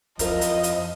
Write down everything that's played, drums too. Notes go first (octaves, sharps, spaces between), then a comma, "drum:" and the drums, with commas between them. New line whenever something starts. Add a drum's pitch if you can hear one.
F2 F3 E4 A#4 D#5, drum: hi-hat
drum: hi-hat
drum: hi-hat